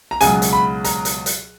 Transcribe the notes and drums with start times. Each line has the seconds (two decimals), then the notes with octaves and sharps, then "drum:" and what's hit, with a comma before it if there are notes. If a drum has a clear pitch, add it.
0.11 A#5
0.21 C#2 B2 F#3 G#5, drum: hi-hat
0.42 drum: hi-hat
0.53 B5
0.84 A#5, drum: hi-hat
1.05 drum: hi-hat
1.26 drum: hi-hat